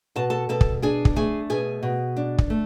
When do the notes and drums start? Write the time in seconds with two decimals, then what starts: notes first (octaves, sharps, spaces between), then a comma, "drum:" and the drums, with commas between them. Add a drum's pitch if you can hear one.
0.16 B2 A5
0.30 A4 A5
0.49 B2 A4 A5
0.61 drum: kick
0.82 D4 G#4 G#5
1.05 drum: kick
1.16 A3 G#4 G#5
1.50 B2 G#4 G#5
1.83 B2
2.17 D4
2.38 drum: kick
2.50 A3